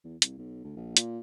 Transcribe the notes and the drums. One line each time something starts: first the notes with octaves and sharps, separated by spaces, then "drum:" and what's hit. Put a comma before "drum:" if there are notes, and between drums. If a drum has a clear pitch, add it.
E2
C2, drum: hi-hat
B1
D2
A#1
A#2, drum: hi-hat